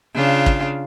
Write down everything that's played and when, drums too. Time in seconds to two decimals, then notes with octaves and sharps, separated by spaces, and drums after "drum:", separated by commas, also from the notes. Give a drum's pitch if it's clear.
0.14 C#3 D4 F4
0.46 drum: kick